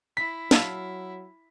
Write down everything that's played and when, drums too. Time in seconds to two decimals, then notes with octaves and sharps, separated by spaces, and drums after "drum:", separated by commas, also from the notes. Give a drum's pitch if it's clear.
0.17 E4 B6
0.51 F#3 F5 A5 E6, drum: snare